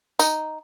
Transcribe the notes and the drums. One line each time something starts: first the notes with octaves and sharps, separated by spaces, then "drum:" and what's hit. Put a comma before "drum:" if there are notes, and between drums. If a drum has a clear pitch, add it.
D#4, drum: tambourine